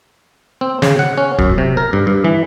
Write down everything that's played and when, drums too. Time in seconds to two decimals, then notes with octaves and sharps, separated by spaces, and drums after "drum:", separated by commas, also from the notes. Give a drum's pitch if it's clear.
0.61 C4
0.82 C#3, drum: snare
0.99 F#5
1.18 C#4
1.39 F#2, drum: kick D#1
1.58 C3
1.77 A#4
1.93 G2
2.07 G2
2.24 E3